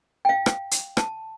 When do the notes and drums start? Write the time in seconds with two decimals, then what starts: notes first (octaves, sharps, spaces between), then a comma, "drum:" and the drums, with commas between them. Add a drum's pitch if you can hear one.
0.25 F5 G5
0.46 drum: rim click
0.71 drum: hi-hat
0.97 A5, drum: rim click